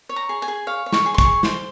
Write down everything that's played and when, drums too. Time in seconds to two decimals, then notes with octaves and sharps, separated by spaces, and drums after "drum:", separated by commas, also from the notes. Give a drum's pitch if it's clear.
0.09 C#5
0.16 A#5
0.29 G#4
0.42 G#5
0.48 G#4
0.67 C#5 F5
0.86 C#5
0.92 C#6, drum: snare
1.06 G#4
1.14 C6
1.18 C#6, drum: kick, hi-hat
1.24 G#4
1.43 C5 C6, drum: snare